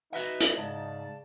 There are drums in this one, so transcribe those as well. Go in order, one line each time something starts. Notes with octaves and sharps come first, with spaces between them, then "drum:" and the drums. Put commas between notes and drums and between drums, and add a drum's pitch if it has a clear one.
D#4 F#4 B4 E5
drum: hi-hat
G#2 C#3 D5 A5